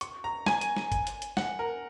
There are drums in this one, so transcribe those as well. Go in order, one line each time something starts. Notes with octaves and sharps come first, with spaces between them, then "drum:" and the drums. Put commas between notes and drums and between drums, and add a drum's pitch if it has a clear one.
C#6, drum: hi-hat
A#5
G#5, drum: snare
drum: hi-hat
drum: snare
drum: kick G1, hi-hat
drum: hi-hat
drum: hi-hat
F#5, drum: snare
A#4